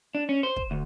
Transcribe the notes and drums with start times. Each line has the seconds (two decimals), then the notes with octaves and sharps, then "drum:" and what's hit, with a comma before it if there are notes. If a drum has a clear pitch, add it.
0.15 D4
0.29 C#4
0.43 C5
0.56 drum: kick
0.71 D2